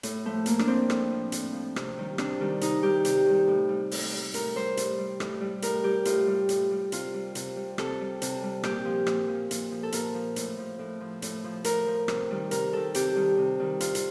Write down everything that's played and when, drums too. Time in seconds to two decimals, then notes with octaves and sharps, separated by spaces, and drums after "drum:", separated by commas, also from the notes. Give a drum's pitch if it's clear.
0.03 A2, drum: hi-hat
0.25 F3 A3
0.46 A2 A#3, drum: hi-hat
0.59 D4, drum: rim click
0.68 F3 C4
0.90 A2, drum: rim click
1.11 F3
1.32 A2, drum: hi-hat
1.54 F3
1.76 C3, drum: rim click
1.98 D#3 G3
2.18 C3 D4, drum: rim click
2.40 D#3 G3
2.61 C3 D#4, drum: hi-hat
2.83 D#3 G3 G4
3.05 C3 G4, drum: hi-hat
3.26 D#3 G3
3.47 A2
3.69 G3
3.91 A2, drum: open hi-hat
4.12 G3
4.34 A2 A#4, drum: hi-hat
4.55 G3 C5
4.77 A2, drum: hi-hat
4.98 G3
5.20 A2, drum: rim click
5.41 G3
5.62 A2 A#4, drum: hi-hat
5.84 G3 G4
6.05 A2 F4, drum: hi-hat
6.27 G3
6.49 A2, drum: hi-hat
6.71 G3
6.92 C3 F4, drum: hi-hat
7.14 G3
7.35 C3, drum: hi-hat
7.56 G3
7.78 C3 A4, drum: rim click
8.00 G3
8.22 C3, drum: hi-hat
8.43 G3
8.63 A#2 G4, drum: rim click
8.85 F3
9.07 A#2, drum: rim click
9.28 F3
9.51 A#2, drum: hi-hat
9.71 F3
9.83 A4
9.92 A#2 A#4, drum: hi-hat
10.14 F3
10.36 A2, drum: hi-hat
10.58 F3
10.79 A2
11.01 F3
11.22 A2, drum: hi-hat
11.44 F3
11.64 A2 A#4, drum: hi-hat
11.87 F3
12.08 C3, drum: rim click
12.30 D#3 G3
12.51 C3 A#4, drum: hi-hat
12.73 D#3 G3 A4
12.94 C3 G4, drum: hi-hat
13.16 D#3 G3
13.37 C3
13.59 D#3 G3
13.80 C3 F4, drum: hi-hat
13.95 drum: hi-hat